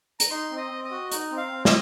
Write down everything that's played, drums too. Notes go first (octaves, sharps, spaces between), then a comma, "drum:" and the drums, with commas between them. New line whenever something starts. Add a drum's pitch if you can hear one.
A#5, drum: hi-hat
D#4 C6
C4
D#5
C4
D#5
F#4
D#4, drum: hi-hat
C4
F5
C4
D#5, drum: snare